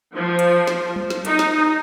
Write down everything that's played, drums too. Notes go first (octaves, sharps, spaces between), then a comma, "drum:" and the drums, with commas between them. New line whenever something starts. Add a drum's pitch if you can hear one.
F3
drum: hi-hat
drum: snare
drum: tom F#3
drum: snare
D#4, drum: hi-hat
drum: snare